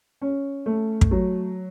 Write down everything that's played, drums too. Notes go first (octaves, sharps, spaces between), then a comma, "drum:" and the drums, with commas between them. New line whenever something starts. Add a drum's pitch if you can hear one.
C#4
A3
drum: kick
F#3